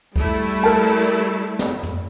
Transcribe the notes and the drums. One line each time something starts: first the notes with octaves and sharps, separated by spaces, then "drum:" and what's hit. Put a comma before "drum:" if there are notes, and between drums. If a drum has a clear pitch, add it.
G3 A3 E4, drum: kick C2
A#4 A5
drum: snare
drum: tom